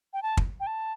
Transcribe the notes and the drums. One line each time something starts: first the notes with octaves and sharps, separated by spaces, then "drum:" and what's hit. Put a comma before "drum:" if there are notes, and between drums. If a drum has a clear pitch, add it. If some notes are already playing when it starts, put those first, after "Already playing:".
G5
A5
drum: kick
G5
A5